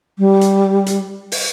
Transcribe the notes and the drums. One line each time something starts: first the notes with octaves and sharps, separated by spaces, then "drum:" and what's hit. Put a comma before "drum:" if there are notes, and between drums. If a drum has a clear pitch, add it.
G3
drum: hi-hat
drum: hi-hat
drum: open hi-hat